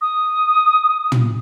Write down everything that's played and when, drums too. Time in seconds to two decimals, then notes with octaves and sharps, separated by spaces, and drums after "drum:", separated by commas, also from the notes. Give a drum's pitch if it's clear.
0.01 D#6
1.12 drum: tom